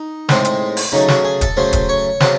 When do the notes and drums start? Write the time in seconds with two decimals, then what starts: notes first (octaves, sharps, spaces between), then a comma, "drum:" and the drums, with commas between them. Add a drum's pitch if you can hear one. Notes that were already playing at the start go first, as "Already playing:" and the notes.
Already playing: D#4
0.29 A2 G#3 C4, drum: snare
0.45 drum: hi-hat
0.77 drum: open hi-hat
0.92 C#3 F#3 A3 D#4
1.08 F#4, drum: snare
1.25 G#4
1.41 A4, drum: kick, hi-hat
1.57 C#3 F#3 A3 C5
1.73 drum: kick, hi-hat
1.89 C#5
2.20 C#3 F#3 C4 A5, drum: snare